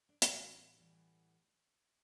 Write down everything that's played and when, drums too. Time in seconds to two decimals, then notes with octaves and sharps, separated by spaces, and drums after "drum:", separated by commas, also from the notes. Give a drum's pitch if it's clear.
0.09 D4
0.22 A2 E3 G3 B3 D4, drum: hi-hat
0.79 A2 E3 G3 B3